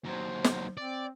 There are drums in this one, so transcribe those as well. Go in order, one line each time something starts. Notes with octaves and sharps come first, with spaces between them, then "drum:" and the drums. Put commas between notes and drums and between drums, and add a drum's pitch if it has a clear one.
D#2 F#3 C5
drum: snare
C4 D5